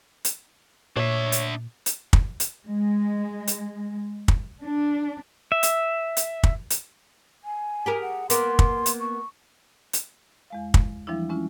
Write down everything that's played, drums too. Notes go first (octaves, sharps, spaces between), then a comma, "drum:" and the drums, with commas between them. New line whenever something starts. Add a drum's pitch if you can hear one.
drum: hi-hat
A#2 D4 C#5 E5
drum: hi-hat
drum: hi-hat
drum: kick
drum: hi-hat
G#3
drum: hi-hat
drum: kick
D4
E5
drum: hi-hat
drum: hi-hat
drum: kick
drum: hi-hat
G#5
G4 G#4 A#4
F#5
A#3 B3 A#4 C6, drum: hi-hat
drum: kick
drum: hi-hat
C#6
drum: hi-hat
E2 G#3 F5
drum: kick
E3 F3 G3 C4 D4 E4
G#3 C#4 E4 F4